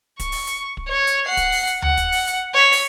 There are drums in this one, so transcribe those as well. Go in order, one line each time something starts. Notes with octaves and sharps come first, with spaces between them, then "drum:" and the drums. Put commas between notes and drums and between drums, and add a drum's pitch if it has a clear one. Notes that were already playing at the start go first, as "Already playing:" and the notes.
C#6, drum: kick, hi-hat
drum: open hi-hat
drum: hi-hat
drum: kick
C#5
drum: hi-hat
F#5 C7
drum: kick, hi-hat
drum: open hi-hat
drum: hi-hat
F#5, drum: tom D2
drum: kick, hi-hat
drum: open hi-hat
drum: hi-hat
C#5 B6
drum: open hi-hat